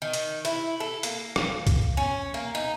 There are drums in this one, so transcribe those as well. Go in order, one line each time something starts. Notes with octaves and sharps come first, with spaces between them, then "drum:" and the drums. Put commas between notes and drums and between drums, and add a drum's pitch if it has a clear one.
D#3
drum: hi-hat
E4, drum: hi-hat
A4
A#3, drum: hi-hat
drum: rim click
drum: kick C#2, hi-hat
C#4
A#3
D#4